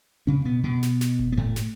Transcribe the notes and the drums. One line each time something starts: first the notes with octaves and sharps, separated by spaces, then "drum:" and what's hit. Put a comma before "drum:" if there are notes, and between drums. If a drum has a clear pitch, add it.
C#3 C#4
B2 B3
B2 B3
drum: snare
drum: snare
drum: kick F#1
B3
A2 A3
drum: snare